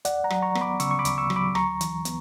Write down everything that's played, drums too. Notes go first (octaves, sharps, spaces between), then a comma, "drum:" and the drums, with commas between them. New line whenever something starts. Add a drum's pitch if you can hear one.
D2 D5 F#5, drum: hi-hat
F#5 A#5
F#3, drum: rim click
A#5 C#6
B3, drum: rim click
B5 D6
C#3 C#6 E6, drum: hi-hat
C#6
B5 D6
D2, drum: hi-hat
C#6 E6
F#3, drum: rim click
B5 D6
D2 A#5 C#6, drum: rim click
E3, drum: hi-hat
B3, drum: hi-hat